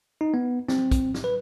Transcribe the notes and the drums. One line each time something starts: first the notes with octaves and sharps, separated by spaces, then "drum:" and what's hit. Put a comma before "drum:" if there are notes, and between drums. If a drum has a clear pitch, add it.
D#4
B3
C4, drum: snare
drum: kick, hi-hat
drum: snare
B4